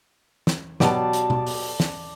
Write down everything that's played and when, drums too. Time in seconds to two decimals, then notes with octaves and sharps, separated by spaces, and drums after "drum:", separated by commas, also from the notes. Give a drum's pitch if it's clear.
0.47 drum: snare
0.80 B2 F#3 G4 D5 A5, drum: snare
1.13 drum: hi-hat
1.30 drum: tom B2
1.47 drum: open hi-hat
1.80 drum: snare